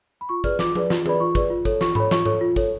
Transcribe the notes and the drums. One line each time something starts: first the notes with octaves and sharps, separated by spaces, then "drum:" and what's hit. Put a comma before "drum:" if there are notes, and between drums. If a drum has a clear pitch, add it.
B5
F4 C#6
G#4 B4 D5 F6, drum: kick, hi-hat
F4 D6, drum: snare
G#4 B4 D5, drum: tom F3
F4, drum: snare
G#4 B4 D5 B5, drum: tom E3
F4 C#6
G#4 B4 D5, drum: kick, hi-hat
F4
A4 C#5, drum: kick, hi-hat
F4 C#6, drum: snare
A4 C#5 B5, drum: tom G#2
F4 C#6, drum: snare
A4 C#5, drum: tom G#2
F4
A4 C#5, drum: kick, hi-hat